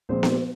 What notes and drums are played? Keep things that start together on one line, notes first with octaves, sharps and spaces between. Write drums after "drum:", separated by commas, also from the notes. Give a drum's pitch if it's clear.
A#2 F3 G#3 C4 C5
drum: snare B3